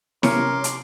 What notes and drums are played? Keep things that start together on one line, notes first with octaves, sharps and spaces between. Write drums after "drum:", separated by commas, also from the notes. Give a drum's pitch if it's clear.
C3 C#4 A#4 C#5 C6 D6, drum: snare E4
drum: hi-hat